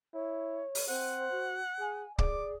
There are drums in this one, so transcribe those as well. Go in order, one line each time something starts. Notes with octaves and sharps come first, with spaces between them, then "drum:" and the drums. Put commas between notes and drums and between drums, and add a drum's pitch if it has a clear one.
E4 C#5
drum: open hi-hat
C4 C5 F#5
F#4
G#4 G#5
G#4 D5 D6, drum: kick C#1